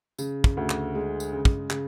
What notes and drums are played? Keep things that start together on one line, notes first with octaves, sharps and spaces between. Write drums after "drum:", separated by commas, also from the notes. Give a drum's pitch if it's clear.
C#3, drum: tambourine
drum: kick
D2
drum: clap
G#3
drum: tambourine
C#3
drum: kick
C#3, drum: clap